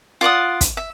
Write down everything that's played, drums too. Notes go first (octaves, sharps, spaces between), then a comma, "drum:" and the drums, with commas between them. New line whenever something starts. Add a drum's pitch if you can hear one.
F4 D5 F#5 D#6
drum: kick, hi-hat
E5